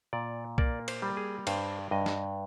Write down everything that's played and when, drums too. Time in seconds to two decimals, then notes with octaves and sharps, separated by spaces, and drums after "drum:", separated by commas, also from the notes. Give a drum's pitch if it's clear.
0.13 A#2 D5
0.58 A#3 D5, drum: kick B1
0.88 C5, drum: cymbal
1.02 G3
1.17 G#4
1.47 G2 C5, drum: cymbal
1.91 G2 D#5
2.06 drum: snare